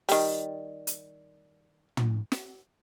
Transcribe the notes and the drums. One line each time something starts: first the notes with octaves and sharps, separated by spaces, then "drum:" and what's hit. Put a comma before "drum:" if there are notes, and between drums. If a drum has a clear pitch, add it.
D#3 G3, drum: open hi-hat
drum: hi-hat
drum: tom
drum: snare